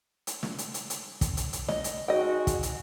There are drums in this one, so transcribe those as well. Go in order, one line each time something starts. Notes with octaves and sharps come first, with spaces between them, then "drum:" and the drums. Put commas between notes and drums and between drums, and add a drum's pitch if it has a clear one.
drum: hi-hat
drum: snare
drum: hi-hat
drum: hi-hat
drum: hi-hat
drum: kick, hi-hat
drum: hi-hat
drum: hi-hat
D#5, drum: snare
drum: hi-hat
G#3 D#4 F#4 D#5 G5
drum: kick, hi-hat
drum: hi-hat